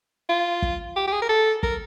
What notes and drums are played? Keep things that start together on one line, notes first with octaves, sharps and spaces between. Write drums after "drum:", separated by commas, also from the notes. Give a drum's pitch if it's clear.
F4
drum: kick
G4
G4
G#4
A#4
A4
A#4, drum: kick